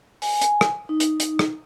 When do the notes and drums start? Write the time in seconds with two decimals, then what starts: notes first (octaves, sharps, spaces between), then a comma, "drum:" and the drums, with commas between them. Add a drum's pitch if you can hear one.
0.22 G#5, drum: open hi-hat
0.41 drum: hi-hat
0.61 drum: rim click
0.89 D#4
1.00 drum: hi-hat
1.20 drum: hi-hat
1.39 drum: rim click